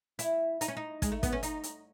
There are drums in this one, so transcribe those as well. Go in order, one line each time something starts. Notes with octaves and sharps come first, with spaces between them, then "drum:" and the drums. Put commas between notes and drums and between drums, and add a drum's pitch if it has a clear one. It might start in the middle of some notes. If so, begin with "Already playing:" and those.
E4, drum: hi-hat
D#4, drum: hi-hat
C#4
D#4
G#3, drum: kick, hi-hat
A3
B3, drum: kick, hi-hat
C#4
D#4, drum: hi-hat
drum: hi-hat